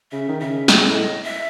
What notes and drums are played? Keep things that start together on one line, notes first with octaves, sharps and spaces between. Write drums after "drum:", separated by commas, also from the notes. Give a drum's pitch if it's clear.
C#3 E5
D#3
C#3 E5
C#3 D#5, drum: snare
A2
E5